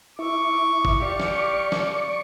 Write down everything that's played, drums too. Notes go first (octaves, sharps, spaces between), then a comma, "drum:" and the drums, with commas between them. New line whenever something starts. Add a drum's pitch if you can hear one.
E4 C#6 D6
drum: kick G#1
G4 D5 F5 C#6
drum: snare
drum: snare